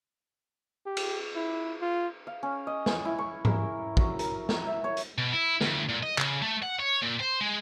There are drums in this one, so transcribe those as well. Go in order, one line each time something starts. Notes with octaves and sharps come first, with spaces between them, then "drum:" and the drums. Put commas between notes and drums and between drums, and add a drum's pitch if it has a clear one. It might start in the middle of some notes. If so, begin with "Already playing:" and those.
G4
drum: cymbal
E4
F4
F5
C#4
D#5
G#5, drum: snare
E4
C#6
A#4, drum: tom G#2
F#3, drum: kick
A#4, drum: hi-hat
drum: snare
E5
C#5
drum: hi-hat
B2
E4
D2, drum: snare
A#2
D#5
C#3, drum: clap
A3
F#5
C#5
A#2
C5
G#3